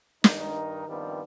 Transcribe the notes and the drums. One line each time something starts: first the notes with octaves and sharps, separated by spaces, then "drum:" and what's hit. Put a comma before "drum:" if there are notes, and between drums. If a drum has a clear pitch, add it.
G2 D#3 D#4 A#4, drum: snare
G2 D#3 F3 G3 B3 C4